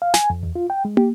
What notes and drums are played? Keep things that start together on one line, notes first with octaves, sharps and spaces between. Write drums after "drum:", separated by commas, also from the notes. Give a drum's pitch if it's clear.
F5
G#5, drum: snare
F2
E2
F4
G5
G#3
G4, drum: tom